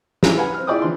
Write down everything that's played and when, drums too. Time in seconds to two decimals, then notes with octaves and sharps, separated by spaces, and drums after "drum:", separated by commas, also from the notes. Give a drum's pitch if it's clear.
0.23 D3 F3 E4 G#4, drum: snare
0.36 G4 B4 F5 F#5 G#5
0.54 C4 F6
0.67 E4 F4 G#4 D5 G5 D#6
0.82 E3 F3 D4 C6